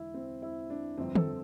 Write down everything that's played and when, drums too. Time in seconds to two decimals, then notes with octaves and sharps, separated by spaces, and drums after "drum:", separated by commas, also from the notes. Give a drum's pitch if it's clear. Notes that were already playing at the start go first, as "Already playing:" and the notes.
Already playing: E1 E2 D3 E4
0.14 C4
0.42 E4
0.70 D4
0.97 G1 F2 D3 F3 C4
1.15 A4, drum: tom